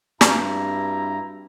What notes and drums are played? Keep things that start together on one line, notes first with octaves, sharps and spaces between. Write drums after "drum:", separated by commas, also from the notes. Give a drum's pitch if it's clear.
G2 C4 D4 E4 F#4 A#5, drum: snare